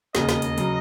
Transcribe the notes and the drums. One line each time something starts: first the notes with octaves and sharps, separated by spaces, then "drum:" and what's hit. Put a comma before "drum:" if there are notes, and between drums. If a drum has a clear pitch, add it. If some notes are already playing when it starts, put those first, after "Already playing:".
E1 D#2 C#3 D#5, drum: snare
drum: snare
drum: hi-hat
C#3 F#3, drum: hi-hat